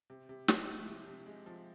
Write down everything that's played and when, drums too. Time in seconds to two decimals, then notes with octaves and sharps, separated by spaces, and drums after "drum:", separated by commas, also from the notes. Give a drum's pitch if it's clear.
0.10 C3
0.29 C3
0.48 G#3, drum: snare
0.67 F3
0.88 C3
1.08 C3
1.26 G#3
1.46 F3